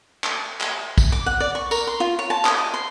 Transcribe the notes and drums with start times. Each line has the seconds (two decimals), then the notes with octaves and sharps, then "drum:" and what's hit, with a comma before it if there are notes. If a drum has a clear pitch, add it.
0.24 drum: clap
0.61 drum: clap
0.98 drum: kick, tambourine
1.12 D6
1.26 F#5
1.40 D5
1.55 C#6
1.71 A#4, drum: tambourine
1.87 C6
2.00 F4
2.19 C#5
2.30 A5
2.45 D#6, drum: clap
2.58 D#5
2.74 C6